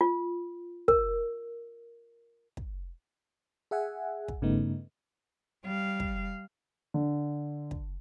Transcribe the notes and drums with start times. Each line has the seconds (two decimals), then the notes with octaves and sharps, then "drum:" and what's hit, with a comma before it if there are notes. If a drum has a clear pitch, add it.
0.01 F4
0.88 A#4, drum: kick
2.57 drum: kick
3.71 G#4 E5 F#5 G#5
4.28 drum: kick
4.42 G2 C#3 A3 B3 D#4
5.64 G3 F5
6.00 drum: kick
6.94 D3
7.71 drum: kick